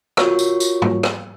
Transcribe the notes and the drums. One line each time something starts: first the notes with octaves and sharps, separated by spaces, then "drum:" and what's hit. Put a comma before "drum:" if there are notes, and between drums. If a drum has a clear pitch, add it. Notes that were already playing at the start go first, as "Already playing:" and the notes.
F4 F#4 A#4 C#5 C#6, drum: rim click
drum: tambourine
drum: tambourine
drum: tom
drum: rim click